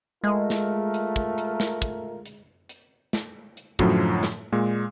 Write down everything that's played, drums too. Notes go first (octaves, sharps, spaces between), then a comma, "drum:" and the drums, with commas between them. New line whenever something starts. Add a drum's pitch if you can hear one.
G#3 A3 F4 A#4
drum: snare
drum: hi-hat
drum: kick
drum: hi-hat
drum: snare
drum: kick, hi-hat
drum: hi-hat
drum: hi-hat
drum: snare
drum: hi-hat
F#2 A2 D3 F3 F#3, drum: kick
drum: snare
A#2 G#3